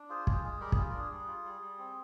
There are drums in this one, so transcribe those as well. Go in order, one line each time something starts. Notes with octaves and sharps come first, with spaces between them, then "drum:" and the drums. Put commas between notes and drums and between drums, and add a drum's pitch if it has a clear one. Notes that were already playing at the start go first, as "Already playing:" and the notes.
Already playing: D4
F4 G#4 C5
G#3 G#4, drum: kick
G#3 G#4
G3 G4 A#4
G#4, drum: kick
F4
A#4
D4 G#4
G3
F4
G3
G3
C4